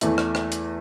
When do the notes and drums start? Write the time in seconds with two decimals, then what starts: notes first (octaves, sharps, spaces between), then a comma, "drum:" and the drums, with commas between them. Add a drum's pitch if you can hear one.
0.01 E2 E3 A3 E4, drum: hi-hat
0.18 drum: rim click
0.35 drum: rim click
0.52 drum: hi-hat